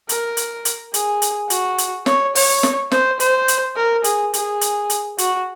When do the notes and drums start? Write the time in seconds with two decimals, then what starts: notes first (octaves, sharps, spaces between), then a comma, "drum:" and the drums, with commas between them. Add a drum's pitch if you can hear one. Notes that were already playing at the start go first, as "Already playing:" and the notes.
0.09 A#4, drum: hi-hat
0.37 drum: hi-hat
0.65 drum: hi-hat
0.94 G#4, drum: hi-hat
1.22 drum: hi-hat
1.50 F#4, drum: hi-hat
1.78 drum: hi-hat
2.06 C#5, drum: snare
2.35 C#5, drum: open hi-hat
2.63 drum: snare
2.92 C5, drum: snare
3.20 C5, drum: hi-hat
3.48 drum: hi-hat
3.76 A#4
4.04 G#4, drum: hi-hat
4.34 G#4, drum: hi-hat
4.61 drum: hi-hat
4.90 drum: hi-hat
5.18 F#4, drum: hi-hat